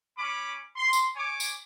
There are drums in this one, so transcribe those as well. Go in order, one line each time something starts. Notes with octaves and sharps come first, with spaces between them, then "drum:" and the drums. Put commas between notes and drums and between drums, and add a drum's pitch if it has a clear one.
C#4 B5 D6
C6
drum: tambourine
C#5 G#5 D6
drum: tambourine